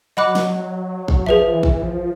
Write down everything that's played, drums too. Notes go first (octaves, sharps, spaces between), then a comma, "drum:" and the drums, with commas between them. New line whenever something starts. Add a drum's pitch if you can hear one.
F#3 D#5 F#5 B5 D6 F#6
drum: snare
drum: kick
F3 G#4 B4 E5
E3
drum: kick
F3